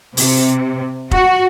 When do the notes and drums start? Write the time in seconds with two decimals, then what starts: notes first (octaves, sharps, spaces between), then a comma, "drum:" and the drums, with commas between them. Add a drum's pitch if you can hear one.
0.17 C3, drum: open hi-hat
1.11 F#4, drum: kick F1